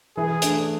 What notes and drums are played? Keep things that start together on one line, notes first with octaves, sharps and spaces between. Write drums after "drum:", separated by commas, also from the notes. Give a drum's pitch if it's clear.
E3 G#4
A3 D4, drum: hi-hat